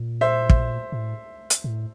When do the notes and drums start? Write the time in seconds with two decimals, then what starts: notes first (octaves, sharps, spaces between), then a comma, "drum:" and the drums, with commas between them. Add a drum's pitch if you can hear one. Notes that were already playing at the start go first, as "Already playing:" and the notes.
Already playing: A#2
0.21 C5 E5
0.50 drum: kick
0.92 A2
1.50 drum: hi-hat
1.64 A2